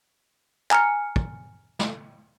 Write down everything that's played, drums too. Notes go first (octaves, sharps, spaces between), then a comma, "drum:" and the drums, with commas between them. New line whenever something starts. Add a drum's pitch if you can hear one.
G#5 A#5 F6 C#7, drum: clap
drum: kick
drum: snare